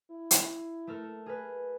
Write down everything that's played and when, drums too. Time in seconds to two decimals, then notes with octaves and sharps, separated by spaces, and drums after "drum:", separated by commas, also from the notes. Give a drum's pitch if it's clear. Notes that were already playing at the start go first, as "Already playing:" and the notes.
0.11 E4
0.31 drum: hi-hat
0.87 A3 A4 A#4
1.26 G#4 A#4 B4